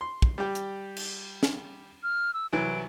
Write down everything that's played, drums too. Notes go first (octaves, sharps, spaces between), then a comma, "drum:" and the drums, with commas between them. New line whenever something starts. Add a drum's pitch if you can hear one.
C6
drum: kick
G3 G4
drum: hi-hat
drum: cymbal
drum: snare
F6
E6
C2 E3 F#3 D7